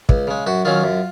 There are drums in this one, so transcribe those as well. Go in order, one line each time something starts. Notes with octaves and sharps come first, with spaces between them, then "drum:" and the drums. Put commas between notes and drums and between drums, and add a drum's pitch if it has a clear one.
C#2, drum: kick
C#3 G#3
F#2 F#4
D#3 F#3 C#4 F4
F#2